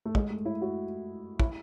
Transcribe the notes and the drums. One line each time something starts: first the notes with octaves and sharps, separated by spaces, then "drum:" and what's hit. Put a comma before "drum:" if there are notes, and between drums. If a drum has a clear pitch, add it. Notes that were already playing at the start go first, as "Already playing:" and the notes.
A3
G#3, drum: kick
A3
E4
F#4
E4, drum: kick